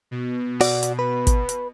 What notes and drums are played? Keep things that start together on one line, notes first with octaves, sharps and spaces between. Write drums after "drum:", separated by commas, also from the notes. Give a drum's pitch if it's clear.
B2
F#4 D5, drum: open hi-hat
drum: hi-hat
B4
drum: kick, hi-hat
drum: hi-hat